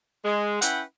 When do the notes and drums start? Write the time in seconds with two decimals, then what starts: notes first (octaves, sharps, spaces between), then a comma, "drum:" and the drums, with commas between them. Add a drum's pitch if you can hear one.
0.24 G#3
0.62 C#4 E4 B4 F#5 G5, drum: hi-hat